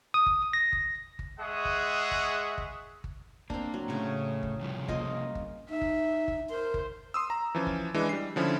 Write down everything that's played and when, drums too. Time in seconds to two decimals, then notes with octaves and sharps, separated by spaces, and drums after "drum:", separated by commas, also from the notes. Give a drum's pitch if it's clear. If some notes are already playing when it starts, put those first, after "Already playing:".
0.14 D#6
0.26 drum: kick G1
0.53 A#6
0.73 drum: kick G1
1.19 drum: kick G1
1.40 G#3 G#4 E5 F#5 C#6 D#6
1.65 drum: kick G1
2.11 drum: kick G1
2.58 drum: kick G1
3.04 drum: kick G1
3.50 A#3 C4 D4, drum: kick G1
3.74 F#3
3.88 A2 C#3 F#5
4.43 drum: kick G1
4.60 C3 F3 G3
4.88 A#3 F4 D#5, drum: kick G1
5.35 drum: kick G1
5.70 D#4 E5
5.82 drum: kick G1
6.28 drum: kick G1
6.50 A#4 C5
6.74 drum: kick G1
7.14 C6 D#6 E6
7.30 A#5
7.55 E3 F3 C#4
7.67 drum: kick G1
7.94 E3 G#3 D4
8.09 G3 C7
8.36 D3 F3 C#4 E4